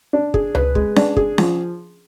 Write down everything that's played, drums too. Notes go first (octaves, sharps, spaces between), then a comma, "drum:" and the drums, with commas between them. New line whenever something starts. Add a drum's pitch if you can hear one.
D4
G#4, drum: kick
B4, drum: tom C#2
G#3, drum: kick
D4, drum: snare C#4
G#4, drum: kick
F3, drum: snare C#4